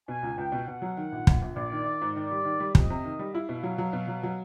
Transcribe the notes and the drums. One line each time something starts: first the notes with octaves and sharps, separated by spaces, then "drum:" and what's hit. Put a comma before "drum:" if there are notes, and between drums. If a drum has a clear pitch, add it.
B2 G#5
C#2
C#2 G5
B2
B2 F#5
F#3
D#3
A#1
A#1, drum: kick
A#1
A#1 D5
D#3
D#3
G#2
D#3 D5
G3
D#3
G3
F2 D#5, drum: kick
C3
D#3
G3
E4 F5
B2
F#3
F#3
B2
F#3
F#3